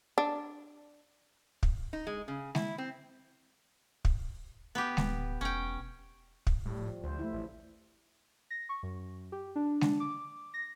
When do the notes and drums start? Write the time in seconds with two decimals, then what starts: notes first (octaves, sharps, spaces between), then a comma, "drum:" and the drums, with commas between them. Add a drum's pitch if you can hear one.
0.18 D4
1.63 drum: kick
1.93 D#4
2.07 G#3
2.28 C#3
2.55 E4, drum: snare G#3
2.78 C4
4.05 drum: kick
4.75 B3 G4
4.97 D1, drum: snare G#3
5.41 E1 C#4 G5
6.47 drum: kick
6.66 A2 G3
6.79 F3
7.04 D2 C5
7.19 A3 E4
7.33 A1
8.50 A#6
8.69 C#6
8.83 F#2
9.32 G4
9.56 D4
9.81 D4, drum: snare G#3
10.00 D6
10.54 A#6